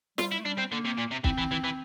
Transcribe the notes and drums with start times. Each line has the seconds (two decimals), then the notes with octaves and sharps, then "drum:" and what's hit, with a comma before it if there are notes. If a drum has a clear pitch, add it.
0.18 G3 F4, drum: snare
0.32 E4
0.39 A3
0.45 G3 D4
0.58 C4
0.72 D3 A#3
0.85 C3
0.98 A#2
1.11 C3
1.24 E3 C4, drum: kick
1.38 E3
1.51 E3
1.64 E3